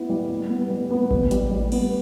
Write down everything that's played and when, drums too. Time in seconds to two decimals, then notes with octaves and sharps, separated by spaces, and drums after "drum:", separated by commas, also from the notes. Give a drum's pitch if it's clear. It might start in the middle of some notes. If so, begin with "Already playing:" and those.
Already playing: B3 E4
0.09 G3
0.29 G3
0.49 B3
0.70 G3
0.91 B3
1.11 G3, drum: kick A1
1.31 G3, drum: hi-hat
1.51 G3
1.72 B3, drum: cymbal